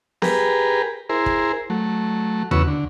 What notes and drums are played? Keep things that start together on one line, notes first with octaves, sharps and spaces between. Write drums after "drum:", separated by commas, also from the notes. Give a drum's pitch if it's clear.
G4 G#4 A#4 B4, drum: snare B3
E4 G#4 A#4 C5
drum: kick
F#3 A3
E2 C#3 B3 F#4 C#6 E6, drum: tom D#2
D3